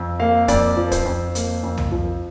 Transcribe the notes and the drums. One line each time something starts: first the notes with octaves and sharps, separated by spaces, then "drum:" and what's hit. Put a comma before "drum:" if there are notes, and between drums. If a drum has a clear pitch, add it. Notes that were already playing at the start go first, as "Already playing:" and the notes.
Already playing: F2
A#3 F5
F2 D5, drum: kick, hi-hat
F3
C5, drum: kick, hi-hat
F2
A#3, drum: hi-hat
F2
drum: tom
F3